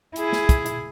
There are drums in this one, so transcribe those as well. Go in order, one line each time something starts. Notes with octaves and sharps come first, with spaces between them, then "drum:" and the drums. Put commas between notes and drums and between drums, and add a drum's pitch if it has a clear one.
E4 G#4, drum: hi-hat
drum: snare
drum: kick, hi-hat
drum: hi-hat